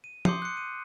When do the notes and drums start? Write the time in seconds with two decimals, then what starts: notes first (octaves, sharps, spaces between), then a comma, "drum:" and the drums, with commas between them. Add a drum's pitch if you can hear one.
0.04 D#7
0.25 C6 D6 D#6 G6 C7 C#7, drum: tom
0.42 F#6 C#7
0.57 D#7